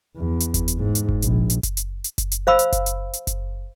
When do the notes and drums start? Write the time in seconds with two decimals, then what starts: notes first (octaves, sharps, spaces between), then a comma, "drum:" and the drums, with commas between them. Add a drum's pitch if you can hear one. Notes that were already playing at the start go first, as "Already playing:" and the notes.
0.17 E2
0.40 drum: hi-hat
0.54 drum: kick F#1, hi-hat
0.68 drum: hi-hat
0.78 G#2
0.95 drum: hi-hat
1.09 drum: kick F#1
1.22 A#1, drum: hi-hat
1.50 drum: hi-hat
1.63 drum: kick F#1, hi-hat
1.77 drum: hi-hat
2.04 drum: hi-hat
2.18 drum: kick F#1, hi-hat
2.32 drum: hi-hat
2.47 C5 F5 B5 E6
2.59 drum: hi-hat
2.72 drum: kick F#1, hi-hat
2.86 drum: hi-hat
3.13 drum: hi-hat
3.27 drum: kick F#1, hi-hat